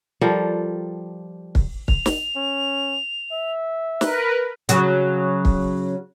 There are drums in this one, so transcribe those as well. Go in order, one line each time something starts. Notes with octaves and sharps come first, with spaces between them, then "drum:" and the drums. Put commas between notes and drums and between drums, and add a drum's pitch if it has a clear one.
F3 G3 A4 A#4
drum: kick
F7, drum: kick
drum: snare
C#4
E5
A#4 B4 F#6, drum: snare
C#3 F#3, drum: hi-hat
drum: kick